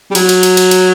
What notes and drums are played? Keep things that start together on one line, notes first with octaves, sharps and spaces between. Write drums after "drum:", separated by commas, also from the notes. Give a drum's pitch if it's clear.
G3
F#3, drum: cymbal
drum: cymbal
drum: cymbal
drum: cymbal
drum: cymbal